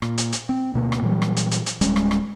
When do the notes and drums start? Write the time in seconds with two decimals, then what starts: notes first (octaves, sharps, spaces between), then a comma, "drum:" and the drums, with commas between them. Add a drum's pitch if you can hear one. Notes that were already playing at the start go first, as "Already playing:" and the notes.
0.02 A#2, drum: rim click
0.18 drum: hi-hat
0.32 drum: hi-hat
0.49 C4
0.74 D2 B2 A#3
0.92 drum: rim click
1.02 A#2 E3 F#3 G3
1.22 drum: rim click
1.37 drum: hi-hat
1.51 drum: hi-hat
1.66 drum: hi-hat
1.81 D1 G3 G#3 C#4, drum: hi-hat
1.96 drum: rim click
2.11 drum: rim click